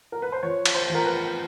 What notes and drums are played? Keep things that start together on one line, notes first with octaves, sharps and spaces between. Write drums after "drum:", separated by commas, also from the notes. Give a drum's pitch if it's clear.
A#4
B4
C5
F3 C#5
drum: cymbal
C5
F3 A#4
B4